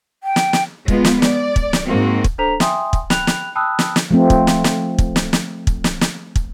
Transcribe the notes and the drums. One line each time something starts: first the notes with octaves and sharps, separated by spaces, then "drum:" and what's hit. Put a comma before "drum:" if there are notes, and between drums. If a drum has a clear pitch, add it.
G5
drum: snare
drum: snare
G#3 B3 F4, drum: kick
drum: snare
D5, drum: snare
drum: kick
drum: snare
G#2 G#3 A#3 C4 F#4
drum: kick
D4 A4 C5 A#5 B6 F7
E5 G5 G#5 C6 D#6, drum: snare
drum: kick
G5 B5 F#6 F7, drum: snare
drum: snare
G5 A5 B5 D#6 E6 F#6
drum: snare
drum: snare
F3 A3 C4
drum: kick
drum: snare
drum: snare
drum: kick
drum: snare
drum: snare
drum: kick
drum: snare
drum: snare
drum: kick